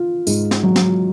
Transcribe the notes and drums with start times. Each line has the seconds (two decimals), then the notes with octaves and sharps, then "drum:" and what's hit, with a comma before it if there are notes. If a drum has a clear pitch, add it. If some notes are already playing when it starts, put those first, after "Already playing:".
Already playing: F4
0.27 G#2, drum: tambourine
0.51 drum: snare
0.63 F#3
0.76 drum: snare